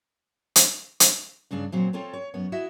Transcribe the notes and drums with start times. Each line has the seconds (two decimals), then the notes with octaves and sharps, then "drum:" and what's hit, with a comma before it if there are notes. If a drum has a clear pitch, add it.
0.56 drum: hi-hat
1.00 drum: hi-hat
1.51 G2 C#3 G3 D4
1.72 A#2 F#3 C4
1.93 C4 F4 A4 C#5 A5
2.13 C#5
2.34 F#2 B3 C#5
2.52 E4 F#4 D#5 E5